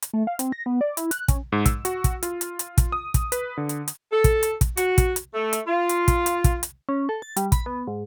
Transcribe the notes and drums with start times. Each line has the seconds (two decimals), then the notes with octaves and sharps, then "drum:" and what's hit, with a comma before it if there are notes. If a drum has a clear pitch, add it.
0.02 drum: hi-hat
0.13 A3
0.27 F5
0.39 C4, drum: hi-hat
0.52 A#6
0.66 B3
0.81 D5
0.97 E4, drum: hi-hat
1.11 F#6, drum: hi-hat
1.28 C#4, drum: kick, hi-hat
1.52 G#2
1.66 E6, drum: kick, hi-hat
1.85 F#4, drum: hi-hat
2.04 drum: kick, hi-hat
2.23 F4, drum: hi-hat
2.41 drum: hi-hat
2.59 drum: hi-hat
2.78 drum: kick, hi-hat
2.92 D#6
3.14 drum: kick, hi-hat
3.32 B4, drum: hi-hat
3.57 D3
3.69 drum: hi-hat
3.88 drum: hi-hat
4.13 A4
4.24 drum: kick, hi-hat
4.43 drum: hi-hat
4.61 drum: kick, hi-hat
4.77 F#4, drum: hi-hat
4.98 drum: kick, hi-hat
5.16 drum: hi-hat
5.34 A3
5.53 drum: hi-hat
5.67 F4
5.89 drum: hi-hat
6.08 drum: kick, hi-hat
6.26 drum: hi-hat
6.44 drum: kick, hi-hat
6.63 drum: hi-hat
6.89 C#4
7.09 A4
7.22 A6
7.37 G3, drum: hi-hat
7.52 B5, drum: kick, hi-hat
7.66 B3
7.87 G#2